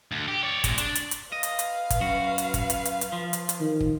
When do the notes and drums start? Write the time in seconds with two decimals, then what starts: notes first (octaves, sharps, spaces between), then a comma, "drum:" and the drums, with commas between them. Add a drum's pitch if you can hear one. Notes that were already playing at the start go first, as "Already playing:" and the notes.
0.12 D2
0.28 G4
0.43 C#5 D5
0.64 C3 G#3, drum: kick, hi-hat
0.78 D4, drum: hi-hat
0.95 drum: hi-hat
1.11 drum: hi-hat
1.32 B4 D#5 F5
1.43 drum: hi-hat
1.59 drum: hi-hat
1.90 drum: kick, hi-hat
2.00 F#2 F#4
2.38 drum: hi-hat
2.54 drum: kick, hi-hat
2.70 drum: hi-hat
2.85 drum: hi-hat
3.01 drum: hi-hat
3.12 F3
3.33 drum: hi-hat
3.49 drum: hi-hat
3.61 D#3
3.80 drum: kick